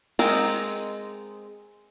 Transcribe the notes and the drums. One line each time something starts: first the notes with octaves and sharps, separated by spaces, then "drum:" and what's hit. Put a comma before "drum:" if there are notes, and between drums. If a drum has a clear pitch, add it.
G#3 C4 D#4 A#4, drum: open hi-hat